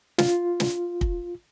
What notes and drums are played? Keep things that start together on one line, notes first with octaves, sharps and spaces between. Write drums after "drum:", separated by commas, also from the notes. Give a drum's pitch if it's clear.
F4, drum: snare
drum: snare
drum: kick